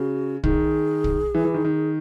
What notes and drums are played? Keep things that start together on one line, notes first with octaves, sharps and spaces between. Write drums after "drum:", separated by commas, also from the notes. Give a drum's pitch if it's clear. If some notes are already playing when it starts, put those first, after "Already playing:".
Already playing: C#3 F#4
D#3 G#4, drum: kick
drum: kick
E3
E3
D#3
D#3